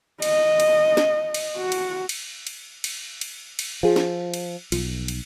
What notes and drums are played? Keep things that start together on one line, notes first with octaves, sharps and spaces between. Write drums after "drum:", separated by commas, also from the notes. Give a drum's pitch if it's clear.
D#5, drum: cymbal
drum: cymbal
drum: snare
drum: cymbal
F#4
drum: cymbal
drum: cymbal
drum: cymbal
drum: cymbal
drum: cymbal
drum: cymbal
F3 F4 G#4
drum: snare
drum: cymbal
B1 F3, drum: cymbal
drum: cymbal